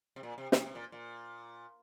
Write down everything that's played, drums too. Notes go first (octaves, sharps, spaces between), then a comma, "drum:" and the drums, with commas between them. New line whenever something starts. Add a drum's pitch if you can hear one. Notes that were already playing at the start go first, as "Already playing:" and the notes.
C3
A#2
C3
C3, drum: snare
C3
A#2
A#2